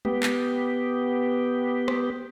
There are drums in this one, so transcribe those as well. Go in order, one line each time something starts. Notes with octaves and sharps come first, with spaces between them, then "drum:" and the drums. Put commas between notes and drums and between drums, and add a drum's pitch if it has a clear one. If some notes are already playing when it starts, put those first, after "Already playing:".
B3 G4, drum: tom G#3
drum: clap
drum: rim click